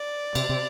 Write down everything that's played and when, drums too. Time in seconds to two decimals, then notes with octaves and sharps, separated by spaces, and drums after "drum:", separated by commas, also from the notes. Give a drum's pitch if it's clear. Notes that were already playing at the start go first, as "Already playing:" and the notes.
Already playing: D5
0.35 C3, drum: cymbal
0.49 C3